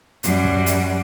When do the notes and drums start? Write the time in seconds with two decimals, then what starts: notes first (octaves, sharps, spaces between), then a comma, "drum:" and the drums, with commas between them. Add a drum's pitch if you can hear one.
0.23 F#2 G3, drum: hi-hat
0.45 drum: kick
0.66 drum: hi-hat